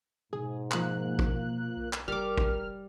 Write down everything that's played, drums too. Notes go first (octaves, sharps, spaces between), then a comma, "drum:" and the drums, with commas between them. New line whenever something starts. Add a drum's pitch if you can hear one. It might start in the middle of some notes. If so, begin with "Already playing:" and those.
G#2 B2 G#4
F3 A#3 F#6, drum: clap
drum: kick
B1
drum: clap
F1 G3 A#4 D6 F6
drum: kick